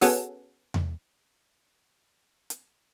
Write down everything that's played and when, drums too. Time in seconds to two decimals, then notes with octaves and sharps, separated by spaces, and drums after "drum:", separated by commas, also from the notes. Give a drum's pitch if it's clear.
0.01 B3 C#4 F#4 G#4 A4, drum: open hi-hat
0.74 drum: tom E2
2.50 drum: hi-hat